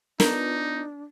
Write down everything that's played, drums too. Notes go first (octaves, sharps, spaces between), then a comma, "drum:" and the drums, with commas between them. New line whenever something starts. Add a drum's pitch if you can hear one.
B3 D4 D#4 F4 A#4 B4, drum: snare